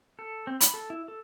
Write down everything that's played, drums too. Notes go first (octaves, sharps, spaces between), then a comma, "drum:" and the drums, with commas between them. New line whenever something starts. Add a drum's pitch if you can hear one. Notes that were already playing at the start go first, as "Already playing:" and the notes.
A4
C4
B5, drum: hi-hat
A4
E4
A4